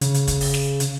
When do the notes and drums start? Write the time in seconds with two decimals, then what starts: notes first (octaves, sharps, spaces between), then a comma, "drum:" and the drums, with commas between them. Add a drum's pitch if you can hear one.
0.01 C#3, drum: hi-hat
0.14 drum: hi-hat
0.28 drum: kick, hi-hat
0.41 drum: open hi-hat
0.54 drum: snare
0.80 drum: hi-hat